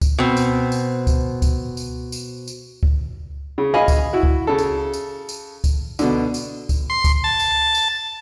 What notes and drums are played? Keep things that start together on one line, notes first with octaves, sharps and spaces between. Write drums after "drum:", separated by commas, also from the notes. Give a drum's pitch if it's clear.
drum: kick C#2, tambourine
B2 C4
drum: tambourine
drum: tambourine
drum: kick C#2, tambourine
drum: kick C#2, tambourine
drum: tambourine
drum: tambourine
drum: tambourine
drum: kick C#2
C#3
D#5 F5 G#5 B5
drum: kick C#2, tambourine
E4 F#4
drum: kick C#2
C#3 A4
drum: tambourine
drum: tambourine
drum: tambourine
drum: kick C#2, tambourine
B2 D3, drum: tambourine
drum: tambourine
drum: kick C#2, tambourine
C6
drum: kick C#2, tambourine
A5
drum: tambourine
drum: tambourine